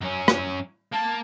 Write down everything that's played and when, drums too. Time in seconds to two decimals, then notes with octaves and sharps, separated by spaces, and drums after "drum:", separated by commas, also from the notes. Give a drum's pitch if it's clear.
0.02 F#2 C#4
0.28 drum: rim click
0.93 A#3 A5